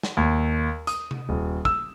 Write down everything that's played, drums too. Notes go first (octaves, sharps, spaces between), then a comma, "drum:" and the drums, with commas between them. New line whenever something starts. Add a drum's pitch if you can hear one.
drum: snare
D#2
D#6, drum: hi-hat
drum: tom C3
D#1
E6, drum: kick